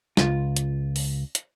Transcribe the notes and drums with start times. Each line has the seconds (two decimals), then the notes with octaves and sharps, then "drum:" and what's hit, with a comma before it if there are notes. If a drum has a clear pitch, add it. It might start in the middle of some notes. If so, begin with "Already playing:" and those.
0.17 C#2 F4, drum: snare
0.57 drum: hi-hat
0.96 drum: open hi-hat
1.35 drum: hi-hat